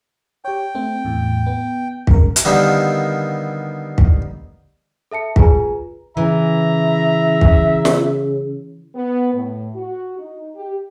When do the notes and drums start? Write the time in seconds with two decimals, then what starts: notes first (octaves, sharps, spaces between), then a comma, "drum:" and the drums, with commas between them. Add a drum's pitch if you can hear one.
0.45 G4 C#5 G5
0.75 A3 C4
1.05 E2 A2
1.46 B3
2.07 G2 C#3 A#4, drum: kick
2.36 drum: hi-hat
2.45 D3 D#3 G3 A#3 B3 A4
3.98 drum: kick
5.11 A4 E5 A5 C#7
5.36 F4 G#4 B4 G#5 A#5, drum: kick
6.17 C#3 E3 E5 A#5
7.41 drum: kick
7.85 drum: snare
8.94 B3
9.33 A2
9.75 F#4
10.18 D#4
10.54 G4